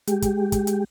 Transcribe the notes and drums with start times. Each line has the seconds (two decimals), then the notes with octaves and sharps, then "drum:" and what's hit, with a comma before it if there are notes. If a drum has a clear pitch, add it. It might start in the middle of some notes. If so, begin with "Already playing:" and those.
0.07 G#3 G4, drum: hi-hat
0.22 drum: kick, hi-hat
0.52 drum: kick, hi-hat
0.67 drum: hi-hat